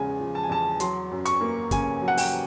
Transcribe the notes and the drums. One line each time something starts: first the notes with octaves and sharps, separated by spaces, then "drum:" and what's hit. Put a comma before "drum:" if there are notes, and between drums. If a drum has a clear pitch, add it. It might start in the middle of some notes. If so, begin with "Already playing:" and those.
Already playing: E2 C#3 F3 G#3 G#5
F3
A5
G#5
E2 A5
F#3 C6, drum: hi-hat
F#2
C#6, drum: hi-hat
A#3
C#3 G#5, drum: kick, hi-hat
F#3
F#5
G5, drum: open hi-hat